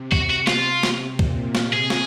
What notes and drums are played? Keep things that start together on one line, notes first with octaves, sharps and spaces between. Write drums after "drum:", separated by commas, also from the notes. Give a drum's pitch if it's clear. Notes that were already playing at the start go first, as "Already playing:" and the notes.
Already playing: C3
F#4, drum: kick
F#4
F4, drum: snare
C3
drum: snare
A#2, drum: kick
drum: snare
C3 G#4
drum: snare